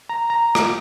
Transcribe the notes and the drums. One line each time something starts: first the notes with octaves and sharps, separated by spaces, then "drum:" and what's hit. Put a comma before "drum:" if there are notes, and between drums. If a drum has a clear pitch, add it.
A#5
A#5
D6, drum: rim click